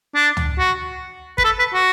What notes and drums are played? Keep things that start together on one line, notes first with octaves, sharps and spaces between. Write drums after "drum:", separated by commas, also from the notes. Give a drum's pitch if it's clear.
D4
drum: tom
F#4
B4, drum: kick
A4
B4
F#4